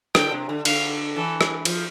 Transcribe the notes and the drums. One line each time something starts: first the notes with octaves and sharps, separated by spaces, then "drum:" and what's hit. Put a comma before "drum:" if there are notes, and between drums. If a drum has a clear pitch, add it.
D3 G5, drum: rim click
C3
D3
D3 F5, drum: cymbal
E3 A4
drum: rim click
F3, drum: cymbal